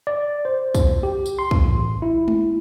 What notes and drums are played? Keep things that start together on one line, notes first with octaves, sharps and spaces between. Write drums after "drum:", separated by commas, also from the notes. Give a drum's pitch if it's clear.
D5
C5
drum: kick, tambourine
G4
drum: tambourine
C6
drum: kick
A1
E4
drum: tom